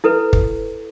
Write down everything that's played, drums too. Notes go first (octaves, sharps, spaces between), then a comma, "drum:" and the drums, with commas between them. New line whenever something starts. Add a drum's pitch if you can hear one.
E4 A4 B4
drum: kick